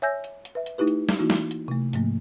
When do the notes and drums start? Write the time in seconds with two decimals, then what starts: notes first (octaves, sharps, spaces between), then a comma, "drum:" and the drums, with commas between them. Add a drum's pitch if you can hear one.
0.02 C#5 E5 G#5 E6 G6 A#6
0.24 drum: hi-hat
0.45 drum: hi-hat
0.55 B4 E5
0.66 drum: hi-hat
0.78 A3 D#4 E4 G4 B4
0.87 drum: hi-hat
1.09 drum: snare
1.19 E3 A#3 D#4 E4 F#4
1.30 drum: snare
1.51 drum: hi-hat
1.68 C3 A3
1.93 G#2 F3 A3 A#3, drum: hi-hat